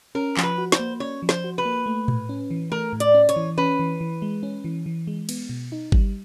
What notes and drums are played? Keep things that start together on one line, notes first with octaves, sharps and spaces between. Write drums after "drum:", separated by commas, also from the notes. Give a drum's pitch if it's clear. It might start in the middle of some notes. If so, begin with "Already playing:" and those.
C#4 A#4
F3, drum: clap
B4
F#4
C5, drum: snare
A#3
C#4 C#5
F3
C5, drum: snare
F#4
B4
A#3
A3
A2, drum: tom A#2
C#4
E3
A3 A#4
A2
D5, drum: hi-hat
C#4
C#5, drum: hi-hat
E3
C#4 B4
E3
E3
G#3
C#4
E3
E3
G#3
B3, drum: cymbal
B2
D#4
G3, drum: kick G1